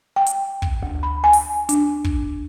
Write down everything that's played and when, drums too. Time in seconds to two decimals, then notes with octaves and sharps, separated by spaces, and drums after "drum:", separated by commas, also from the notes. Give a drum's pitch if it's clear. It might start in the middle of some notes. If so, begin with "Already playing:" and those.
0.16 G5
0.26 drum: hi-hat
0.62 drum: kick
0.83 D2
1.03 B5
1.24 G#5
1.33 drum: open hi-hat
1.69 D4, drum: hi-hat
2.04 drum: kick